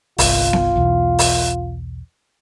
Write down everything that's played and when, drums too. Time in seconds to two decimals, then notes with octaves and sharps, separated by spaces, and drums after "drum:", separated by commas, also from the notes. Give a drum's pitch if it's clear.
0.18 G1 C2 F4, drum: open hi-hat
0.53 drum: snare B3
0.76 B1 E2 B2
1.19 drum: open hi-hat